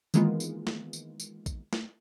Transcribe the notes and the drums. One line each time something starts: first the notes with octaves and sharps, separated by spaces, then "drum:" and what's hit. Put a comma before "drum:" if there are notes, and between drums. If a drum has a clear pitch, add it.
D#3 E3 G#3 A#3 B3 F4, drum: tambourine
drum: tambourine
drum: snare
drum: tambourine
drum: tambourine
drum: kick A#1, tambourine
drum: snare